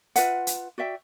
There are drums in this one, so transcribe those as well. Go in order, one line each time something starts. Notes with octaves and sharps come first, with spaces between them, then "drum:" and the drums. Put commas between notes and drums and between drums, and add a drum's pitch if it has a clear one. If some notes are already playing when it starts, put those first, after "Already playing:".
F4 B4 E5 F#5, drum: hi-hat
drum: hi-hat
F#4 D5 E5 G5